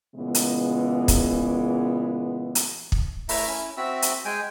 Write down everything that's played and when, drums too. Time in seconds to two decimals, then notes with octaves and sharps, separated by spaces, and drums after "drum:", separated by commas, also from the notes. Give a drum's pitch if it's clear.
0.15 A#2 C#3 E3 G#3 B3
0.35 drum: hi-hat
1.08 drum: kick, hi-hat
2.55 drum: hi-hat
2.92 drum: kick
3.29 A3 E4 E5 A#5, drum: open hi-hat
3.47 C#4 E4
3.77 C4 F#4 E5 E6
4.02 drum: hi-hat
4.25 G#3 G5 G#5